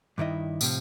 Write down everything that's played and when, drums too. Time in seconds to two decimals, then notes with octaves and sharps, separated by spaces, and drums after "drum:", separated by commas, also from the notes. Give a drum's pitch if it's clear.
0.18 G2 D#3 E4 D#5
0.61 A2 C3 F3, drum: tambourine